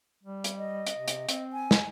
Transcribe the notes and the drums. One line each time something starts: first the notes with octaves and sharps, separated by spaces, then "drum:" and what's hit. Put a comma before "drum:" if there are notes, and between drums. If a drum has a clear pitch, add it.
G3
drum: hi-hat
D#5
drum: hi-hat
C3
drum: hi-hat
C4, drum: hi-hat
G#5
drum: snare